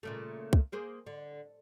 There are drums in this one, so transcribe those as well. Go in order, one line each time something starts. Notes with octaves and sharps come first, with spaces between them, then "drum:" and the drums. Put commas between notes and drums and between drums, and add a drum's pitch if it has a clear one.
A#2 C#3 A3
drum: kick
A#3 G#4 C5
D3